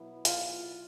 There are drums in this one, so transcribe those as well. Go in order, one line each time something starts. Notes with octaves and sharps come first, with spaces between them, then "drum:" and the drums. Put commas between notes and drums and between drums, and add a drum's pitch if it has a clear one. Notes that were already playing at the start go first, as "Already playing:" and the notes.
Already playing: B2 F#3 B3 E4
F4, drum: hi-hat